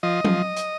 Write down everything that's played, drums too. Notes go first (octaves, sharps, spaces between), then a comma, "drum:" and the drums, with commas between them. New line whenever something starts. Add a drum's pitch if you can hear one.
F3 D#5
F3, drum: tom F#3
drum: hi-hat